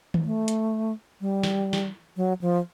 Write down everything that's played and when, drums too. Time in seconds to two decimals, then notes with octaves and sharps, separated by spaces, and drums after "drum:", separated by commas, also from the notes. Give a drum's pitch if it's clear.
0.14 drum: tom D#3
0.25 A3
0.48 drum: hi-hat
1.21 G3
1.44 drum: snare
1.73 drum: snare
2.17 F#3
2.41 F3